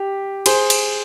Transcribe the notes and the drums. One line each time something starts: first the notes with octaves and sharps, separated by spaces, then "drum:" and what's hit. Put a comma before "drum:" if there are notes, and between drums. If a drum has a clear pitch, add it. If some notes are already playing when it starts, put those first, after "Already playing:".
Already playing: G4
G#4 C5, drum: cymbal
drum: cymbal